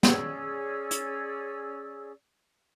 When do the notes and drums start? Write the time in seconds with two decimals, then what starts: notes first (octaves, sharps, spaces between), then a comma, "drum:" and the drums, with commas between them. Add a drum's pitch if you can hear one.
0.03 C#4 G#4 D5 E6, drum: snare
0.91 drum: hi-hat